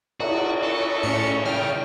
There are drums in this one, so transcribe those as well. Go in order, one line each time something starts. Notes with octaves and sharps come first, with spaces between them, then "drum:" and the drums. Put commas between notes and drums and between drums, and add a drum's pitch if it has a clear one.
F#4, drum: cymbal
A4 C#6
A2 C#4 C#7
G2 C#3 G5 F6